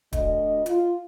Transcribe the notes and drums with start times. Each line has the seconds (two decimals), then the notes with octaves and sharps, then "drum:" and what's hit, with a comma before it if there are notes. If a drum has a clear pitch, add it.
0.13 D2 D#5, drum: kick, hi-hat
0.66 F4, drum: hi-hat